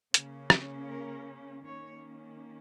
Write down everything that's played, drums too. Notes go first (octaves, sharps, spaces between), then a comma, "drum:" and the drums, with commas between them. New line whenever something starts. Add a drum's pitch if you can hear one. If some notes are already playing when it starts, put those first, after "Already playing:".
C#3 A#3 C#4, drum: hi-hat
drum: rim click
A#4
D#3 A#3 C#4 C#5